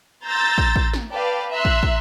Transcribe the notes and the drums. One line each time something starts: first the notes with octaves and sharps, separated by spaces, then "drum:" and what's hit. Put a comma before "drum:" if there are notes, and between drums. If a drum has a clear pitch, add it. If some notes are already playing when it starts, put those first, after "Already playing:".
A#5 C6 E6 G6 A6 A#6
drum: kick
drum: kick
drum: snare
B4 D5 F5 G5 A5
E5 A#5 C6 E6 F#6
drum: kick
drum: kick